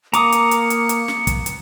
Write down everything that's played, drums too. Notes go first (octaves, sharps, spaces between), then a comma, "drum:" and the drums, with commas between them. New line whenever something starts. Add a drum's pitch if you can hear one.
A#3 A#5 D6 D#6 C#7, drum: hi-hat
drum: hi-hat
drum: hi-hat
drum: hi-hat
drum: hi-hat
drum: snare
drum: kick, hi-hat
drum: hi-hat